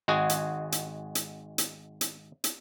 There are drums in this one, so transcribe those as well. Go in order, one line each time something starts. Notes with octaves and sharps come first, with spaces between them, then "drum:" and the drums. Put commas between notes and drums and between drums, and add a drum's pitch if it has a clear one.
G#1 G#3 F#4 G#4 G#5
drum: hi-hat
drum: hi-hat
drum: hi-hat
drum: hi-hat
drum: hi-hat
drum: hi-hat